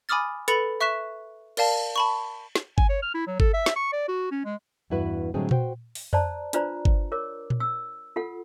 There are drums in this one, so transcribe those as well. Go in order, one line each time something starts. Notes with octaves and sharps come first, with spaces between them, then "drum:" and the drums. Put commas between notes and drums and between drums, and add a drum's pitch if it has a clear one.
G#5 B5 D6 D#6 F6 A6
A4 B4 B5 A6 C#7 F7, drum: hi-hat
E5 C#6 F#6 B6 E7
A#4 D5 F5 A5, drum: cymbal
A5 B5 C#6
drum: snare
G#5, drum: kick G1
C#5
F6
E4
F#3
A4, drum: kick G1
E5
drum: snare
C#6
D5
F#4
C#4
G#3
E2 G2 E4 F#4 B4
A2 D3 F#3 G#3 C4 G#4
F#4 C5 G5, drum: tom A#2
drum: open hi-hat
C5 D5 A5 A#5, drum: tom F2
D4 F4 B4 C5 D5 A#5, drum: hi-hat
drum: kick G1
A#4 C#5 D6
drum: tom A#2
E6
F4 A4 F#5